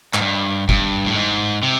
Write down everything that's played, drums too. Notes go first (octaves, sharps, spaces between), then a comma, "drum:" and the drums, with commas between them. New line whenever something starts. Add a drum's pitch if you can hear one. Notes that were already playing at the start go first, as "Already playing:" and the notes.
G#2, drum: clap
G2
G2, drum: kick
A2
G#2
C3